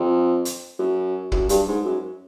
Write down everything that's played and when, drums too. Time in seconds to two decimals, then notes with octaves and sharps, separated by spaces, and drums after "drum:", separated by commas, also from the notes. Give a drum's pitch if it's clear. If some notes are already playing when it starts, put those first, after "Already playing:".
Already playing: F2
0.45 drum: hi-hat
0.79 F#2
1.32 F#2, drum: kick
1.49 G2, drum: hi-hat
1.68 G#2
1.85 F#2